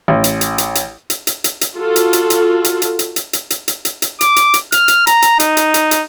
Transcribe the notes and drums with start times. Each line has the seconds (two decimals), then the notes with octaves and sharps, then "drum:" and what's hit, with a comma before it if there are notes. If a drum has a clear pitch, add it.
0.08 A1
0.24 drum: hi-hat
0.41 drum: hi-hat
0.58 drum: hi-hat
0.75 drum: hi-hat
1.10 drum: hi-hat
1.27 drum: hi-hat
1.44 drum: hi-hat
1.61 drum: hi-hat
1.75 F4 F#4 A4
1.96 drum: hi-hat
2.13 drum: hi-hat
2.30 drum: hi-hat
2.64 drum: hi-hat
2.82 drum: hi-hat
2.99 drum: hi-hat
3.16 drum: hi-hat
3.33 drum: hi-hat
3.50 drum: hi-hat
3.68 drum: hi-hat
3.85 drum: hi-hat
4.02 drum: hi-hat
4.21 D6, drum: hi-hat
4.36 drum: hi-hat
4.54 drum: hi-hat
4.72 F6, drum: hi-hat
4.88 drum: hi-hat
5.07 A#5, drum: hi-hat
5.22 drum: hi-hat
5.40 D#4, drum: hi-hat
5.57 drum: hi-hat
5.74 drum: hi-hat
5.91 drum: hi-hat